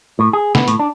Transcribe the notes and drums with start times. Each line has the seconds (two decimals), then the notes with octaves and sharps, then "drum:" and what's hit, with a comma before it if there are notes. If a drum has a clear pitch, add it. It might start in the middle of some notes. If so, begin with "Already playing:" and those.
0.19 A2
0.33 G#4
0.55 B3, drum: snare
0.68 A2, drum: hi-hat
0.79 D4